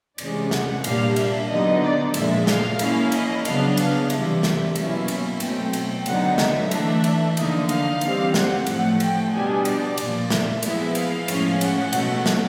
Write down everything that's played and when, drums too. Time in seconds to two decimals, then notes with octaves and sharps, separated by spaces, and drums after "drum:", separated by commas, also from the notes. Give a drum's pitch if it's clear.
0.18 C3 E3 G#3 C#4 D5, drum: cymbal
0.51 F#5, drum: snare
0.84 A#2 G3 A#3 D4 F5, drum: cymbal
1.16 E5, drum: cymbal
1.49 D3 F#3 B3 D#4 D#5
1.82 D5
2.14 A#2 F3 G#3 E5, drum: cymbal
2.47 F5, drum: snare
2.79 F3 A#3 C#4 E4, drum: cymbal
3.12 D#5, drum: cymbal
3.45 C#3 F#3 B3 D4 F5, drum: cymbal
3.77 F5, drum: cymbal
4.10 C3 E3 G3 E5, drum: cymbal
4.43 E5, drum: snare
4.75 B2 F#3 A#3 C#4 E4, drum: cymbal
5.08 drum: cymbal
5.40 B2 F#3 A3 C4 G5, drum: cymbal
5.73 drum: cymbal
6.06 D3 F#3 B3 D#4 F#5, drum: cymbal
6.38 E5, drum: snare
6.71 E3 A3 D4, drum: cymbal
7.04 drum: cymbal
7.37 D3 F3 A#3 D#4, drum: cymbal
7.69 F5, drum: cymbal
8.01 E3 G3 C4, drum: cymbal
8.34 F#5, drum: snare
8.66 A2 F3 A3 F#5, drum: cymbal
9.00 G5, drum: cymbal
9.32 B2 G3 B3 D4 G#5
9.65 D5, drum: cymbal
9.98 A#2 F3 A#3, drum: cymbal
10.30 E5, drum: snare
10.63 F3 G#3 B3 E4, drum: cymbal
10.95 F5, drum: cymbal
11.28 A2 F3 G#3 C#4, drum: cymbal
11.61 F#5, drum: cymbal
11.93 B2 F#3 A3, drum: cymbal
12.26 drum: snare